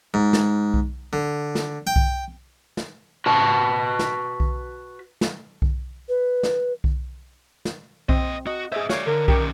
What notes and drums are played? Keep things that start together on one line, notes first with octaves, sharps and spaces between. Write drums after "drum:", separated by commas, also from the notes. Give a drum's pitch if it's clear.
G#2
drum: snare
drum: kick B1
D3
drum: snare
G5
drum: kick B1
drum: snare
F#4 B4 A5
drum: snare
drum: kick B1
drum: snare
drum: kick B1
B4
drum: snare
drum: kick B1
drum: snare
A#2 C4 D#5, drum: kick B1
F#4 D#5
G#4 C5 D#5 E5
F#4 C#5 D5 F5, drum: snare
D3 A#4
D#3 C#4 G4, drum: kick B1